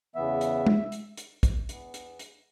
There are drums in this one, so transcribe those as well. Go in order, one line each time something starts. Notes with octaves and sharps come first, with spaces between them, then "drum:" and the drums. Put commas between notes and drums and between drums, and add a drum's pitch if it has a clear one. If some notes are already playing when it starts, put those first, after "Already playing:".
E2 C#3 E3 B3 E5
drum: hi-hat
drum: tom G#3
drum: hi-hat
drum: hi-hat
drum: kick, hi-hat
E2 E3 B3, drum: hi-hat
drum: hi-hat
drum: hi-hat